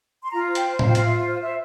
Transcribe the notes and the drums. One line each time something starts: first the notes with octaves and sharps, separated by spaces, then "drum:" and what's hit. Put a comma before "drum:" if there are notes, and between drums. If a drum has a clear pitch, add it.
C6
F4 A#5
C5
G5, drum: hi-hat
C5
F5, drum: tom A2
F4 G5
F5, drum: hi-hat
F4 E5
C5
C5 E5